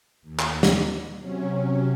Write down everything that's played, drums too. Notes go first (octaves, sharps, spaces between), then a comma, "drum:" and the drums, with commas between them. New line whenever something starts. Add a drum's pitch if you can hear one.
D#2
drum: clap
drum: snare
C3 F#3 C#4